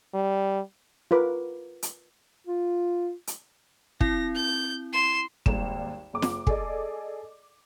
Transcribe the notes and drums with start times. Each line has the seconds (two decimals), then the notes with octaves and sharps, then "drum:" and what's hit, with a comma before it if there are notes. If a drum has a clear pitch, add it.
0.14 G3
1.11 F4 A#4 B4 D6
1.83 drum: hi-hat
2.47 F4
3.27 drum: hi-hat
4.01 C4 E4 A#6, drum: kick
4.35 G6
4.93 C6 E7
5.46 G#1 D#2 G3 E7, drum: kick
6.13 F#1 D6
6.22 drum: snare
6.47 G#4 A4 D5 D#5, drum: kick